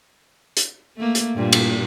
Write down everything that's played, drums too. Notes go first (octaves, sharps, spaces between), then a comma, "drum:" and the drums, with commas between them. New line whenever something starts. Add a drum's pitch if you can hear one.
drum: hi-hat
A3 A#3
drum: hi-hat
G2 A#2
drum: cymbal